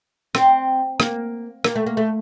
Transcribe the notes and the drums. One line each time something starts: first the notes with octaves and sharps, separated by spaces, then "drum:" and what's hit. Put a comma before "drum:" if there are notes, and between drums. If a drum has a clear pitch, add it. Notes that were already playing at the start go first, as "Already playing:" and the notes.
C4, drum: rim click
A#3, drum: rim click
A#3, drum: rim click
A3
A#3
A3